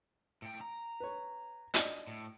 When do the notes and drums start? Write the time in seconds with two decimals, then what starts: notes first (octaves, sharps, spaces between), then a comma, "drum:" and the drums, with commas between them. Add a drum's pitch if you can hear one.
0.42 A2 G5
0.61 A#5
1.00 B4 C#5
1.74 D4 D5 D#5, drum: hi-hat
2.07 A2